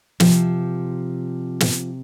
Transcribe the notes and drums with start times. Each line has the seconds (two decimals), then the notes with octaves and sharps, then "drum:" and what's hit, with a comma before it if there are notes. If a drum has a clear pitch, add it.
0.20 C3 F3, drum: snare
1.60 drum: snare